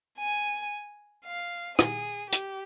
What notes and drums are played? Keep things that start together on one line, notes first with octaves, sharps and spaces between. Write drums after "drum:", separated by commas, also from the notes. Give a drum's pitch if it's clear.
G#5
F5
G#4, drum: rim click
G4, drum: hi-hat